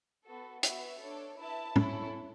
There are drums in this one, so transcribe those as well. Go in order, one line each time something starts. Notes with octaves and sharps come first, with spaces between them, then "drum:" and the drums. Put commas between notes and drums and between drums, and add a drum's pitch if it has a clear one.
B3 F#4 A4
B3 F#4 B4 E5, drum: hi-hat
D4 A4 C#5
E4 B4 E5 A5
C#4 E4 A4, drum: tom